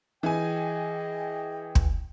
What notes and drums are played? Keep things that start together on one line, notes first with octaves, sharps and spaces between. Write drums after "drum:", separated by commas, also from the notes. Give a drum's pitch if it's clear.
E3 G#4 D#5 G5 G#5
drum: kick